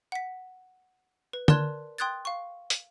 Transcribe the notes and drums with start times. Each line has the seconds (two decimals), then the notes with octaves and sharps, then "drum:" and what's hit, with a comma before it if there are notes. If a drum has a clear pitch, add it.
0.12 F#5 B6
1.33 B4
1.48 A#4 D5 A5 C6 F#6 G#6, drum: tom D3
1.98 G5 C6 D#6 F#6 G#6 A6
2.25 F5 C#6
2.70 drum: hi-hat